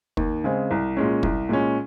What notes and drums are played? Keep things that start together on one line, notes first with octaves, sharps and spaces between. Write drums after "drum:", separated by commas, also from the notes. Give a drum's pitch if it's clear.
D#2, drum: kick
C#3 G#3 C4
C2
A#2 G#3 C#4
C2, drum: kick
A#2 G#3 C#4